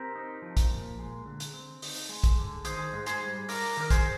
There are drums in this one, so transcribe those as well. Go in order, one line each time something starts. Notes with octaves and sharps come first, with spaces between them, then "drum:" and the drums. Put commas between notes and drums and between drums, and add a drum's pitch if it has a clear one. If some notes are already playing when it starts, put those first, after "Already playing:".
Already playing: C4 G4 A#4
D#4
F3
drum: kick, hi-hat
A#2
G#3
D3
drum: hi-hat
C4
D#4, drum: open hi-hat
G#3
drum: kick, hi-hat
D3
D#3 G#4 C5, drum: hi-hat
G#2
G#4 C5, drum: hi-hat
G3
D4 A#4 D5, drum: open hi-hat
D#3 A#4
G#4 C5, drum: kick, hi-hat